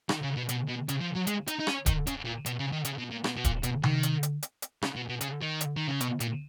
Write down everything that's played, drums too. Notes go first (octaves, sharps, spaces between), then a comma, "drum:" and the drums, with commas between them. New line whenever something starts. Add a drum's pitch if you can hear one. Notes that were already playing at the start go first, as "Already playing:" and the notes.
D#3, drum: rim click
C#3
B2
B2, drum: hi-hat
B2
C#3, drum: hi-hat
F3
F#3
G#3, drum: hi-hat
D#4, drum: hi-hat
D#4
C#4, drum: rim click
D#3, drum: kick D1, hi-hat
C#3, drum: hi-hat
A#2
B2, drum: hi-hat
C#3
D#3
C#3, drum: hi-hat
B2
A#2
B2, drum: rim click
B2
A#2, drum: kick D1, hi-hat
B2, drum: hi-hat
D#3, drum: tom C3
drum: hi-hat
drum: hi-hat
drum: hi-hat
drum: hi-hat
C#3, drum: rim click
B2
B2
C#3, drum: hi-hat
D#3
drum: hi-hat
D#3
C#3
B2, drum: hi-hat
A#2, drum: hi-hat